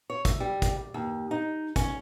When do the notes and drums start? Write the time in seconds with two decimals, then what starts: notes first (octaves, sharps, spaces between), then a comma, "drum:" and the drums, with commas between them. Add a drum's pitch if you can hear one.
0.10 C#5
0.25 E5, drum: kick, hi-hat
0.40 G3
0.62 drum: kick, hi-hat
0.94 D#2
1.31 D#4
1.76 C#4, drum: kick, hi-hat